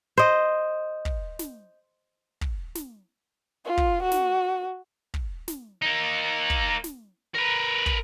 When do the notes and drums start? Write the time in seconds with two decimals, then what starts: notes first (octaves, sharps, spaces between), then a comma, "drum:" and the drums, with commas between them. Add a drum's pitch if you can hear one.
0.17 C5 D#5
1.05 drum: kick
1.39 drum: snare
2.41 drum: kick
2.75 drum: snare
3.65 F4
3.77 drum: kick
4.02 F#4
4.12 drum: snare
5.14 drum: kick
5.48 drum: snare
5.82 A#3 D#4
6.50 drum: kick
6.84 drum: snare
7.35 A#4 B4
7.86 drum: kick